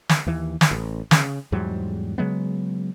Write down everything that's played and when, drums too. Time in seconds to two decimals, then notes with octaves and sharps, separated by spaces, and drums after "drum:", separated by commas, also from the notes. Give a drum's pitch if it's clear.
0.09 drum: snare
0.27 D#2 E3
0.61 drum: snare
0.71 A1
1.11 C#3, drum: snare
1.52 E2 G#2 F#3 G3
2.18 C#3 F#3 G#3 B3